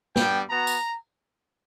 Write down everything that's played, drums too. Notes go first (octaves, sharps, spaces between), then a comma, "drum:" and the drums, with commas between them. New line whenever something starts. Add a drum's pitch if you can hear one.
G3 B3 D4 G5, drum: snare
B3 F#4 A#5
drum: tambourine